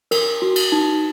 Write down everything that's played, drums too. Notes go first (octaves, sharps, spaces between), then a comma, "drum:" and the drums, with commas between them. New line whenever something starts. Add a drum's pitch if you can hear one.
A#4, drum: cymbal
F#4
drum: cymbal
D#4